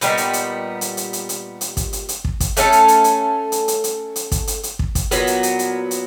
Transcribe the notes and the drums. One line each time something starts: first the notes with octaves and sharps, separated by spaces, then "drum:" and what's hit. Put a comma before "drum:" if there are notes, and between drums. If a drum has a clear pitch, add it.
A#2 G3 B3 D#4, drum: hi-hat
drum: hi-hat
drum: hi-hat
drum: hi-hat
drum: hi-hat
drum: hi-hat
drum: hi-hat
drum: hi-hat
drum: kick, hi-hat
drum: hi-hat
drum: hi-hat
drum: kick
drum: kick, hi-hat
A3 C#4 F4 A4, drum: hi-hat
drum: hi-hat
drum: hi-hat
drum: hi-hat
drum: hi-hat
drum: hi-hat
drum: hi-hat
drum: hi-hat
drum: kick, hi-hat
drum: hi-hat
drum: hi-hat
drum: kick
drum: kick, hi-hat
A#2 F#3 B3, drum: hi-hat
drum: hi-hat
drum: hi-hat
drum: hi-hat
drum: hi-hat